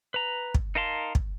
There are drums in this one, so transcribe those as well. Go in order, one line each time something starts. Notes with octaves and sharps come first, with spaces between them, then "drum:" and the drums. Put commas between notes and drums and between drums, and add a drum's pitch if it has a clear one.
B4 A#5
drum: kick
D#4 A#4 F5 A5 C6
drum: kick